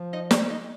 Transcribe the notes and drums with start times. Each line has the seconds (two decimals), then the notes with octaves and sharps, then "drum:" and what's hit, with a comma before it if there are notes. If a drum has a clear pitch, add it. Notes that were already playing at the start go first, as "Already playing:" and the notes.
Already playing: F3
0.13 D#4 D#5
0.31 D4 D5, drum: snare
0.50 D#4 D#5